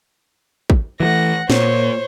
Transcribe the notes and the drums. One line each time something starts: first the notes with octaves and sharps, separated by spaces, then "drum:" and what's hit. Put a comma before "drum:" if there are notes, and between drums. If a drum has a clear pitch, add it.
drum: kick
E3 F#3 A3 F#5 A#6
A#2 C5 C#5, drum: snare